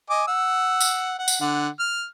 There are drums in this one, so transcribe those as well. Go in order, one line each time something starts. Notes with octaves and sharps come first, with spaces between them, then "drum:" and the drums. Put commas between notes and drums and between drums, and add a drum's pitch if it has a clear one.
D#5 G#5 D6
F#5 E6
drum: tambourine
F#5
drum: tambourine
D3 F#5
F6